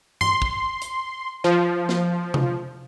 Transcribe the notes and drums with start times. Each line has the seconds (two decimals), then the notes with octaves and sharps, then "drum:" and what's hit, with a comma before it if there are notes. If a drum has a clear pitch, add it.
0.21 C6, drum: tom G2
0.42 drum: kick
0.82 drum: hi-hat
1.44 F3
1.89 drum: snare
2.34 drum: tom C3